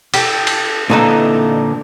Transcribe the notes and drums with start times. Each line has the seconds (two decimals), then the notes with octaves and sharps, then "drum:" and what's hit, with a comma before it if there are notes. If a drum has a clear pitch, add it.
0.14 G4 A4 G5, drum: cymbal
0.47 drum: cymbal
0.90 A#2 D3 E3 D#4 A4 A#5